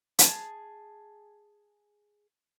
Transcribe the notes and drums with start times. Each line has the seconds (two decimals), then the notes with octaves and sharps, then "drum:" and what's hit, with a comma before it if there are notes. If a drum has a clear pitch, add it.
0.19 G#4 A5, drum: hi-hat